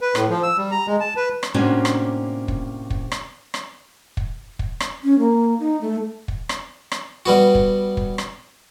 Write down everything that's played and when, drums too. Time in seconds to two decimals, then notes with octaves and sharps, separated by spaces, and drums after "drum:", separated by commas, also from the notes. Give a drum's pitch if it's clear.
0.01 B4
0.15 A2, drum: rim click
0.29 F3
0.43 E6
0.57 G3
0.71 A#5
0.87 G#3
1.00 A5
1.16 B4
1.43 drum: rim click
1.54 A2 C3 A#3 C#4 D4 F#4
1.85 drum: rim click
2.48 drum: kick
2.90 drum: kick
3.12 drum: rim click
3.54 drum: rim click
4.17 drum: kick
4.59 drum: kick
4.80 drum: rim click
5.04 C#4
5.19 A#3
5.60 D#4
5.81 A3
6.28 drum: kick
6.49 drum: rim click
6.92 drum: rim click
7.26 G3 B3 F#4
7.55 drum: kick
7.97 drum: kick
8.18 drum: rim click